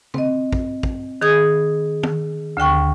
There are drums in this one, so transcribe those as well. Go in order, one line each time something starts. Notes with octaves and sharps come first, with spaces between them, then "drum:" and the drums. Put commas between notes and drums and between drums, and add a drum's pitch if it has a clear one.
C4 D#5, drum: tom C#3
drum: kick
drum: kick
D#3 G#4 D#6 G#6
drum: tom
D2 D3 G5 C#6